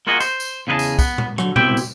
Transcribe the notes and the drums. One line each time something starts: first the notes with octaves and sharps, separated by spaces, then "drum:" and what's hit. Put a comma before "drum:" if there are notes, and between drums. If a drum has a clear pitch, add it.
A#3 F4 F#4 G#4 D#5
C5, drum: tambourine
drum: tambourine
E2 C#3 G#4 B4 D#5 A5
drum: tambourine
B3, drum: kick C2, tambourine
drum: tom A#2
D3 F#3, drum: rim click
C2 B2 E4 G4 C5 G5, drum: tom A#2
drum: tambourine